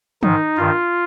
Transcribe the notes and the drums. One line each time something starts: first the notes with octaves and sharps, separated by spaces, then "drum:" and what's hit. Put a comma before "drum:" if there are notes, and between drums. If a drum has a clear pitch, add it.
G#2 D#3 D#4, drum: tom
G2 D#3 F4